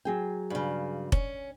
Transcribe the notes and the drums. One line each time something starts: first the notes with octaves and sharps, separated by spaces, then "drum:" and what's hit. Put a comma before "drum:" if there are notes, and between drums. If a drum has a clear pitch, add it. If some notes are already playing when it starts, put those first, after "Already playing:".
F#3 G#4 G5
G2 C#3
C#4, drum: kick F1